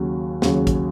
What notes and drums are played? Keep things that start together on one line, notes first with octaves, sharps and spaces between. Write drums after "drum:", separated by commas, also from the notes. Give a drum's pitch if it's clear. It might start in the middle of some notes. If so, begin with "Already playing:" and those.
Already playing: D#2 C#3 F#3
D#2 C#3 F#3, drum: snare
drum: kick, hi-hat